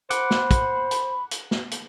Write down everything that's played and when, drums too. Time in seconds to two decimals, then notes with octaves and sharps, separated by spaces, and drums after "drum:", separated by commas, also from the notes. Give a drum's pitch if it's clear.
0.10 C5 F#5 B5 D6, drum: hi-hat
0.31 drum: snare
0.51 drum: kick, hi-hat
0.91 drum: hi-hat
1.31 drum: hi-hat
1.51 drum: snare
1.71 drum: hi-hat